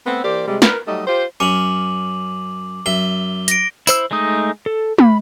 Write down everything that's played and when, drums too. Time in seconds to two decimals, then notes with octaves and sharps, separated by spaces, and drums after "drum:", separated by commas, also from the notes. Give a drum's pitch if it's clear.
0.07 A3 B3 C4
0.24 E3 A#3 G4 C5 D5
0.47 C3 G3 G#3
0.62 A#4 B4, drum: snare
0.87 F#3 G3 A3 D#4 D#5
1.07 F4 G4 C5
1.40 F#2 C#4 D6 F#7
2.86 F#2 E5 G7
3.48 A#6 D7, drum: hi-hat
3.87 E4 C5 E6, drum: tambourine
4.11 G#3 A3 D#4 D#6
4.66 A4
4.98 B5, drum: tom